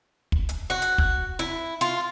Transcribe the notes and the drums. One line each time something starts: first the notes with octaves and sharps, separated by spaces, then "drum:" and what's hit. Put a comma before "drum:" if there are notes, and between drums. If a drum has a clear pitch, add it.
drum: kick
drum: hi-hat
F#4
drum: hi-hat
drum: kick
E4
F4